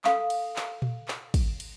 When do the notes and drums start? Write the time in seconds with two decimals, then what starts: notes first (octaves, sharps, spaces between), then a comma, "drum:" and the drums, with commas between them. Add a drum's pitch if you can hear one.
0.04 A4 F5 D#6, drum: clap
0.30 drum: cymbal
0.56 drum: clap
0.82 drum: tom A#2
1.08 drum: clap
1.34 drum: kick, cymbal
1.60 drum: cymbal